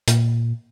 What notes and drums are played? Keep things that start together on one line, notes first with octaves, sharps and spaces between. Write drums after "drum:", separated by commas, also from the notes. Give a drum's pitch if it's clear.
A#2, drum: hi-hat